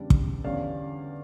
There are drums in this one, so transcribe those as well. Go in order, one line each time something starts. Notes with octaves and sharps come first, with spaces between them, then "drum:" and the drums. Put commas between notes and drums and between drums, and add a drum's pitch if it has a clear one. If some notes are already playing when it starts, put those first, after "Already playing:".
Already playing: E2 C#3 G3 D4 D5
drum: kick
E2 D3 G3 C#4 D5 F5